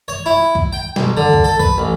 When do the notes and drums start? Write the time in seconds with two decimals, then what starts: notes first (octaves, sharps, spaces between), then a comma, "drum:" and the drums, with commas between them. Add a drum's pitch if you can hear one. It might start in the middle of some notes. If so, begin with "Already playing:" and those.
0.08 C#5
0.26 E4
0.55 drum: kick C2
0.73 G5
0.96 B1, drum: snare
1.17 D3
1.33 drum: kick C2
1.44 A4
1.60 B4, drum: kick C2
1.78 A1